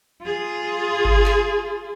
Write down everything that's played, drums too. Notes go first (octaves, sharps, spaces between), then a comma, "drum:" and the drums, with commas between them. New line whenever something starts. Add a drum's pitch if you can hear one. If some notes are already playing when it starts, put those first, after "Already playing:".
F4 G#4
drum: kick G1
drum: clap